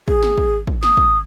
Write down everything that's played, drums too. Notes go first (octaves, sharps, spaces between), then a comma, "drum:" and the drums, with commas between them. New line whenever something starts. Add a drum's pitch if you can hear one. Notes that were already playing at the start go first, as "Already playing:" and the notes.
G#4, drum: kick
drum: snare
drum: kick
drum: kick
D#6, drum: snare
drum: kick